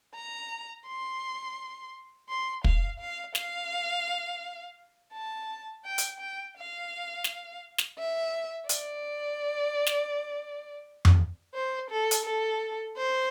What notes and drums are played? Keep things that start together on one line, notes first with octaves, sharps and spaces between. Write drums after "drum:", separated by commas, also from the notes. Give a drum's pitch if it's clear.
A#5
C6
C6
F5, drum: kick
F5
F5, drum: snare
A5
G5
drum: hi-hat
G5
F5
drum: snare
drum: snare
E5
D5, drum: hi-hat
drum: snare
drum: tom F2
C5
A4
drum: hi-hat
A4
C5